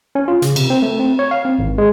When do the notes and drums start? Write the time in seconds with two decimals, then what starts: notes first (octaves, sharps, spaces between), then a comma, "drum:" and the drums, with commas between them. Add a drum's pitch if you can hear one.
0.15 C#4
0.28 F4
0.42 C#3, drum: hi-hat
0.56 C3, drum: cymbal
0.70 C4
0.82 A3
1.00 C4
1.19 C#5
1.31 F5
1.45 C4
1.59 G#1
1.78 G#3